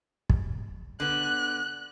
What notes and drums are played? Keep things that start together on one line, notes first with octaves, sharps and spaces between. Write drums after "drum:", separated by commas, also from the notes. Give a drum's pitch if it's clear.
drum: kick
D3 B3 F#6